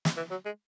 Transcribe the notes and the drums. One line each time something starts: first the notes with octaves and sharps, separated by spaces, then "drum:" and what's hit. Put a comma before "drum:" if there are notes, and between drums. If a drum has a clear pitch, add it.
drum: snare
E3
F#3
G#3